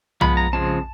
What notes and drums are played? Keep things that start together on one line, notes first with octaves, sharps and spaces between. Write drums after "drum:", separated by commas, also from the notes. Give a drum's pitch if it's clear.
F3 G#3 B3 B5, drum: tom
A#5
C#3 F3 G#3 C4 A5